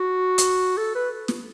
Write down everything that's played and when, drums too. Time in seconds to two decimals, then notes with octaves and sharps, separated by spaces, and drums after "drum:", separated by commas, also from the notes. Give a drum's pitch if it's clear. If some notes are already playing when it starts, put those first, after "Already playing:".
Already playing: F#4
0.38 drum: hi-hat
0.77 A4
0.95 B4
1.28 drum: snare